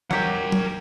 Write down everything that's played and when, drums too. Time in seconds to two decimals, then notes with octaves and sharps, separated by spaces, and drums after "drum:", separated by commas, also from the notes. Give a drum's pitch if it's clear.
0.11 F#3 G4 A#4 F#5, drum: tom
0.52 drum: tom